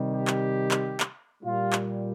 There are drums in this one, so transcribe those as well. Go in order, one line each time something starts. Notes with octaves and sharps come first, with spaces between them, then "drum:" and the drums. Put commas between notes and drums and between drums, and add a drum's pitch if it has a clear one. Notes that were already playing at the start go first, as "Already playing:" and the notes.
Already playing: C3 D#3 G3
G4
drum: clap
drum: clap
drum: clap
A#2 G3 F4
drum: clap